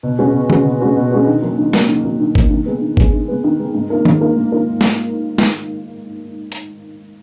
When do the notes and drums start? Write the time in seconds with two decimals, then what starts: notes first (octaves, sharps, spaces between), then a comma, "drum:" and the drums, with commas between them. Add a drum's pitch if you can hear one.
0.03 B2
0.19 G#3 C#4 F#4 B4
0.34 B2
0.50 G#3 C#4 F#4 B4, drum: tom D3
0.66 B2
0.80 G#3 C#4 F#4 B4
0.96 B2
1.12 G#3 C#4 F#4 B4
1.27 D#3
1.42 F#3 A#3
1.58 D#3
1.73 F#3 A#3, drum: snare
1.89 D#3
2.05 F#3 A#3
2.20 D#3
2.35 F#3 A#3, drum: kick
2.50 D#3
2.66 G#3 B3
2.81 D#3
2.97 G#3 B3, drum: kick
3.13 D#3
3.28 G#3 B3
3.44 D#3
3.59 G#3 B3
3.74 G#2
3.90 D#3 A#3 F4 A#4
4.05 G#2, drum: tom D#3
4.21 D#3 A#3 F4 A#4
4.36 G#2
4.52 D#3 A#3 F4 A#4
4.81 drum: snare
5.38 drum: snare
6.52 drum: hi-hat